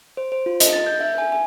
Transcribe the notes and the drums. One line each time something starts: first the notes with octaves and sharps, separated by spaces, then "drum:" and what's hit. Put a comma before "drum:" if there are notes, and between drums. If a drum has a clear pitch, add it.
C5
C5
F4
D#5, drum: hi-hat
A6
G6
E5
G#5
G#5